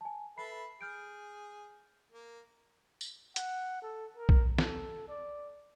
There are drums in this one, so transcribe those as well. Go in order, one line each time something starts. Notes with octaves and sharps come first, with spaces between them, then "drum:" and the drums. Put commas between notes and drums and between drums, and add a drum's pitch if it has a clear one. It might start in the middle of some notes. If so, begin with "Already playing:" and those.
G#5 A5
A4 B4 E5 B5 C7
G#4 F6 G6 D7
A#3
drum: tambourine
F#5, drum: hi-hat
A4
A#4
drum: kick B1
A4, drum: snare
D5